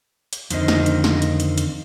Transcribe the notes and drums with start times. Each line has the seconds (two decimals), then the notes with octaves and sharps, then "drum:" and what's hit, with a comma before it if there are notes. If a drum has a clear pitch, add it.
0.33 drum: hi-hat
0.50 F2 D3 D#3 C4 D#5, drum: hi-hat
0.68 drum: snare
0.86 drum: hi-hat
1.04 drum: snare
1.22 drum: hi-hat
1.40 drum: hi-hat
1.58 drum: hi-hat